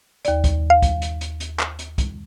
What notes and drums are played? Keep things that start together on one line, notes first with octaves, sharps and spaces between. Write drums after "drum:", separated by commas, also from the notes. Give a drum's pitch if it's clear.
D#2 D5, drum: hi-hat
drum: kick, hi-hat
F5
drum: kick, hi-hat
drum: hi-hat
drum: hi-hat
drum: hi-hat
drum: clap
drum: hi-hat
drum: kick, hi-hat